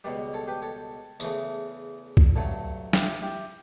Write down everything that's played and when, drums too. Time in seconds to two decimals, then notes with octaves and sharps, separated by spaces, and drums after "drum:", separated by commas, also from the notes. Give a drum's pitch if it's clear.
0.04 C#2 B2 G3 B4 D5
0.33 A4 C#5
0.48 G4 B4
0.62 A4 C#5
1.20 E2 C#3 E3 A3, drum: tambourine
2.17 drum: kick C2
2.36 G2 F#3 A3 A4 C#5
2.93 E4 G4, drum: snare
3.22 E4 G4